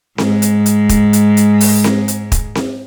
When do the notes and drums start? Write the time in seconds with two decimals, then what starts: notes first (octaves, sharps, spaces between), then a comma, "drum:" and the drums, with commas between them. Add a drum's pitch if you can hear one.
0.18 G#2 G#3, drum: snare C4
0.42 drum: hi-hat
0.66 drum: hi-hat
0.89 drum: kick, hi-hat
1.13 drum: hi-hat
1.37 drum: hi-hat
1.61 drum: open hi-hat
1.84 drum: snare C4
2.08 drum: hi-hat
2.32 drum: kick, hi-hat
2.55 drum: snare C4